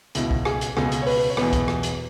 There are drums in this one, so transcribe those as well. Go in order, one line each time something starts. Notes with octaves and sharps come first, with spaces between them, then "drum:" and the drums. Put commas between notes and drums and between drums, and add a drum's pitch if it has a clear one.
C#2 B2 E4, drum: hi-hat
drum: kick
G#4, drum: rim click
drum: hi-hat
C#2 B2 G#4, drum: rim click
drum: hi-hat
C#5
B4, drum: open hi-hat
C#5
E2 B2 B4, drum: rim click
drum: kick, hi-hat
drum: rim click
drum: hi-hat